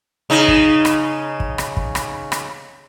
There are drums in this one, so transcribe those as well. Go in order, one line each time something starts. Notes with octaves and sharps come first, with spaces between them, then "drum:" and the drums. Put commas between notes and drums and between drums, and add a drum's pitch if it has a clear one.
C#3 D#4
drum: kick
drum: rim click
drum: kick
drum: rim click
drum: kick
drum: rim click
drum: rim click